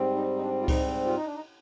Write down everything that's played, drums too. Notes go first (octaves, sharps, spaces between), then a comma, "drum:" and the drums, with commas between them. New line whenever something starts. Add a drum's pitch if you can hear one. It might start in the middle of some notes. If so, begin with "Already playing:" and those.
Already playing: G#2 G3 C4
D#4
D#4
D4
F4
D#4, drum: kick C#2, cymbal
F4
D#4
D4
D#4